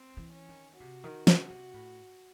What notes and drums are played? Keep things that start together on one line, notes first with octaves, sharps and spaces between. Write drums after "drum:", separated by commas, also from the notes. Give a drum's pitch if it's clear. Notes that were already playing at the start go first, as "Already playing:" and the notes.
Already playing: C4
E3
C#4
D#3
C3 F#4
D#3
C#3, drum: snare
C3
A2